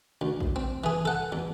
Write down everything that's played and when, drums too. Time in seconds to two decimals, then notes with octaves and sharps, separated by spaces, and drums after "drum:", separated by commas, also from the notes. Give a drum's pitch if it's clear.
0.21 D2
0.41 drum: kick
0.56 C4
0.84 E3 G#4
1.05 A4 F#5
1.32 E2